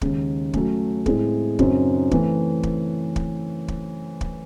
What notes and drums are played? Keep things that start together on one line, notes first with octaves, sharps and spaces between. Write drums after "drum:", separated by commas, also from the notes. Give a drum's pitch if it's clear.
D#2 C#3 G#3 C#4, drum: kick
F#3 A3 C#4, drum: kick
A2 G#3 C4 E4 G#4, drum: kick
F#2 C#3 F#3 C4 D#4, drum: kick
E3 A3 C4, drum: kick
drum: kick
drum: kick
drum: kick
drum: kick